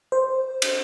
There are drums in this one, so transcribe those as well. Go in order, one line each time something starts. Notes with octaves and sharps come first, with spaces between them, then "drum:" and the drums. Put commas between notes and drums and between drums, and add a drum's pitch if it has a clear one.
C5
drum: cymbal